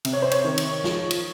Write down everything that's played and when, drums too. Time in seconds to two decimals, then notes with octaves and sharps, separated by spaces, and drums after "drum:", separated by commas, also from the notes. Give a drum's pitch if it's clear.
0.05 C3, drum: cymbal
0.13 C#5
0.22 C5
0.31 C#5, drum: cymbal
0.45 D#3
0.58 drum: cymbal
0.84 F3, drum: snare
1.11 drum: cymbal